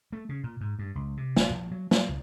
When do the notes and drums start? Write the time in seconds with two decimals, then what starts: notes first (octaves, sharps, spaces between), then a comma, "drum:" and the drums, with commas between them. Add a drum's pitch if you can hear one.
0.13 A3
0.29 C#3
0.44 A#2
0.61 G#2
0.79 G2
0.95 C#2
1.17 C3
1.36 F#1, drum: snare
1.50 A#1
1.71 F#3
1.91 F#3, drum: snare
2.09 C#2